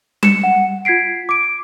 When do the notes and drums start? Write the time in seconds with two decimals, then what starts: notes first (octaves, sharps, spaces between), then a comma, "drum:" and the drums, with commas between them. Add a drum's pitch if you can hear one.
0.23 C#7 E7, drum: tom G3
0.44 F#5
0.85 F4 G#6 B6 C7 D7
1.29 D6 D7